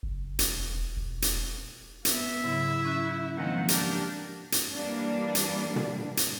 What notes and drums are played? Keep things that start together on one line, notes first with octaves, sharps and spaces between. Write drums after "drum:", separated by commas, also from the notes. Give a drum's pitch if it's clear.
F#1
E1, drum: hi-hat
E1
drum: hi-hat
B3 E5, drum: hi-hat
G#2 C#3 F#3 E4
F#3 C#4 F#6
D#3 F3 G#3 A#3 C4 F#5
D4 G4 A#4, drum: hi-hat
drum: hi-hat
E3 G3 A#3 D4
drum: hi-hat
drum: tom
drum: hi-hat